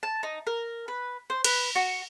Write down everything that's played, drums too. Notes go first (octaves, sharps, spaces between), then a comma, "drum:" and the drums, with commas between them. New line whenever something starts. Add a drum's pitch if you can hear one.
A5
D#4
A#4
B4
C5
B4, drum: cymbal
F#4